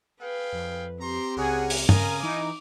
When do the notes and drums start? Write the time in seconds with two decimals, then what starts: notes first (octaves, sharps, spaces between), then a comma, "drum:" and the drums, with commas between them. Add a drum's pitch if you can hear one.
0.21 G#4 B4 F5 G5
0.53 F2
1.01 C4 G4 A#5 C6
1.37 C#2 G#4 A#4 C#5 F#5 G#5
1.70 drum: open hi-hat
1.89 C#3 A#4 F5 G#5 A#5 D#6, drum: tom
2.23 E3 D#4 D6